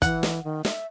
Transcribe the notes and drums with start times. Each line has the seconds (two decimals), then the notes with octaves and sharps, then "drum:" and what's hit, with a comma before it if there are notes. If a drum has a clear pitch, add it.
0.02 E3 F#5, drum: kick, hi-hat
0.23 drum: snare
0.44 D#3
0.65 E5, drum: snare